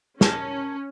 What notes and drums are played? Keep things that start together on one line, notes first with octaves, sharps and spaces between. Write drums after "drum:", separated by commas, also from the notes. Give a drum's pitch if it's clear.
C#4 A#4 A5, drum: snare